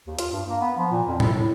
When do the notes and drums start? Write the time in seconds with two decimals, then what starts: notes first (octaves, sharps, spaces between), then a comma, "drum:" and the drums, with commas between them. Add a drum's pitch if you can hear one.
0.07 D#2
0.19 F4, drum: hi-hat
0.32 G2
0.49 A#3
0.61 B3
0.78 F3
0.91 A#2
1.08 F2
1.20 E4, drum: tom A2
1.34 A2